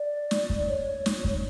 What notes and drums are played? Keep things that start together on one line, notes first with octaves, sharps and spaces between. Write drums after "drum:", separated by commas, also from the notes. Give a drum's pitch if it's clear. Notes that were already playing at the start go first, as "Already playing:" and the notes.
Already playing: D5
drum: snare
drum: kick
C#5
drum: snare
drum: kick